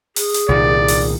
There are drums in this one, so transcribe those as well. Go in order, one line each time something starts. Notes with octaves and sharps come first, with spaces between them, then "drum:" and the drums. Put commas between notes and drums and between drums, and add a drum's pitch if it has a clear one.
G#4, drum: open hi-hat
drum: hi-hat
C2 A#2 D#3 D5
drum: open hi-hat